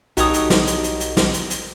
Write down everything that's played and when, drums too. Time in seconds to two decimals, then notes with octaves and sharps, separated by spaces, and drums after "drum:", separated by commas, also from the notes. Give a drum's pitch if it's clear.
0.17 B1 D#4 F#4 G4 A4 C#5 D#6, drum: hi-hat
0.34 drum: hi-hat
0.50 drum: snare
0.67 drum: hi-hat
0.83 drum: hi-hat
1.00 drum: hi-hat
1.17 drum: snare
1.33 drum: hi-hat
1.50 drum: hi-hat